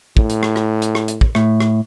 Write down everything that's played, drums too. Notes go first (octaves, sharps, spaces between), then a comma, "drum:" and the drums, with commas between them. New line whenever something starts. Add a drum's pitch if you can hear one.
A2, drum: kick
drum: hi-hat
drum: rim click
drum: rim click
drum: hi-hat
drum: rim click
drum: hi-hat
drum: kick
A2, drum: rim click
drum: rim click